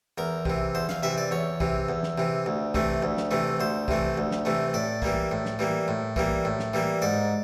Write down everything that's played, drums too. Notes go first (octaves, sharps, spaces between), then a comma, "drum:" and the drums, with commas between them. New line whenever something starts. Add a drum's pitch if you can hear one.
E2 A#4
C3 E3, drum: kick
E2 C5
F5, drum: snare
C3 E3 E5
D5
E2 C#5
C3 E3, drum: kick
E2
drum: snare
C3 E3
D2
C3 E3 A3, drum: kick
D2
drum: snare
C3 E3 A3
D2 C5
C3 E3 A3, drum: kick
D2
drum: snare
C3 E3 A3
A2 D5
E3 G3 A#3, drum: kick
A2
drum: snare
E3 G3 A#3
A2
E3 G3 A#3, drum: kick
A2
drum: snare
E3 G3 A#3
G#2 D5